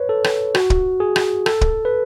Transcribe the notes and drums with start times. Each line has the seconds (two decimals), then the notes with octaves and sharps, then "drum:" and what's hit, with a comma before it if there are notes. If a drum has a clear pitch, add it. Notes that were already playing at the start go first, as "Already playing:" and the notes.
Already playing: B4 C#5
0.09 A4
0.24 drum: rim click
0.55 F#4, drum: rim click
0.70 drum: kick
1.00 G#4
1.16 drum: rim click
1.46 A4, drum: rim click
1.61 drum: kick
1.85 B4